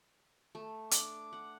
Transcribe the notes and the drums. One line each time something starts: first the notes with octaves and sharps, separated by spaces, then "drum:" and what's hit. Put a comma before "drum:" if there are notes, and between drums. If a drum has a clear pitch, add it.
A3
D4 D6, drum: hi-hat
F#5